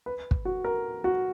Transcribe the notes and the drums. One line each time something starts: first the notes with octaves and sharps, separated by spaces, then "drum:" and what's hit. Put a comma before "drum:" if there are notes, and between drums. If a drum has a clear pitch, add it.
B4
drum: kick
F#4
A#4
F#4